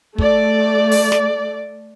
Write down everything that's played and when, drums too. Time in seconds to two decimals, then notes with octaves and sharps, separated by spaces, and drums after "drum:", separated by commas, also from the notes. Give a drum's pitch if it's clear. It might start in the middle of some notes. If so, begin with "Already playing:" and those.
0.18 A3 D5, drum: kick
0.91 drum: open hi-hat
1.12 drum: snare